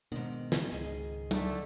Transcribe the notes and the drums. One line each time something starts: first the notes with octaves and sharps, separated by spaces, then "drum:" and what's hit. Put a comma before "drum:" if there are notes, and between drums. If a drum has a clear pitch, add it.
G#2 B2 D#3 B3 D4
drum: snare
C#2 G#4 D#5
D3 A3, drum: tom F#3